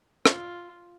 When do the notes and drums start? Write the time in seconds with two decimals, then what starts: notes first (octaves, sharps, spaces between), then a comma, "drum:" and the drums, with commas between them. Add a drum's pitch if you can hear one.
0.26 F4, drum: rim click